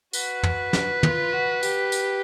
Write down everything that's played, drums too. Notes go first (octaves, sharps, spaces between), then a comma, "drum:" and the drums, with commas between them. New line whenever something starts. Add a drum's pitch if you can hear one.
F#4 B4, drum: tambourine
drum: tom
drum: snare
F4, drum: tom
F#4
G4, drum: tambourine
drum: tambourine